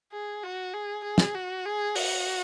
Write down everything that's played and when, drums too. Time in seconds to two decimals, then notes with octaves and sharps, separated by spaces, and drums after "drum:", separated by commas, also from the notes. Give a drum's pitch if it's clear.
0.13 G#4
0.43 F#4
0.74 G#4
1.05 G#4
1.18 drum: snare
1.35 F#4
1.65 G#4
1.96 F#4, drum: open hi-hat